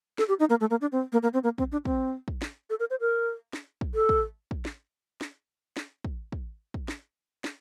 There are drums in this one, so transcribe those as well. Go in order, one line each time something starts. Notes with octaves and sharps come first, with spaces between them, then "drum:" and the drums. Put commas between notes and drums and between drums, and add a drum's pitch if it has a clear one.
A4, drum: snare
G4
D#4
A#3
A3
A#3
D4
C4
A#3
A#3
C4
A#3
C4, drum: kick
D4
C4, drum: kick
drum: kick
drum: snare
A4
A#4
C5
A#4
drum: snare
drum: kick
A4
drum: kick
drum: kick
drum: snare
drum: snare
drum: snare
drum: kick
drum: kick
drum: kick
drum: snare
drum: snare